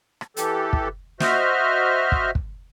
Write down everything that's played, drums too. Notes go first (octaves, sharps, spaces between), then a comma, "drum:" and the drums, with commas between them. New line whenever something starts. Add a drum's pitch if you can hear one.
drum: rim click
E3 G4 A4, drum: hi-hat
drum: kick
F#4 C5 D#5 E5 F6, drum: snare
drum: kick
drum: kick